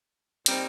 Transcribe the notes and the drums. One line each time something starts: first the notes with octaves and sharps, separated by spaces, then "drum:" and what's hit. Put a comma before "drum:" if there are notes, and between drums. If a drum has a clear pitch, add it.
A#2 G3 C4 D#4, drum: hi-hat